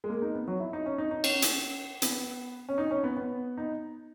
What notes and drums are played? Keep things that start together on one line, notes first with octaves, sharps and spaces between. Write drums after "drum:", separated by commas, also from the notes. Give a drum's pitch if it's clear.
G#3
A#3
D#4
B3
F#3
E4
D#4
C#4
D#4
D#4
C#4, drum: cymbal
drum: hi-hat
B3, drum: hi-hat
C#4
D#4
C#4
B3
B3
D#4